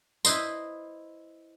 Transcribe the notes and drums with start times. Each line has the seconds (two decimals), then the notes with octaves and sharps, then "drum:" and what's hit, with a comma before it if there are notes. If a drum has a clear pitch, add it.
0.25 E4 B4 C5 D#5 C6, drum: tambourine